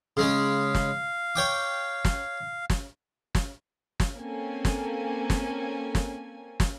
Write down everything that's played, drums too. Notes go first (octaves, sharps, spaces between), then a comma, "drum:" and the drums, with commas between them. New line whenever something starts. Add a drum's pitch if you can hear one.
C#3 G#3 C#4 F5
drum: snare
C#5 G5 D6
drum: snare
drum: snare
drum: snare
drum: snare
A#3 C4 C#4 A4 G#5
drum: snare
drum: snare
drum: snare
drum: snare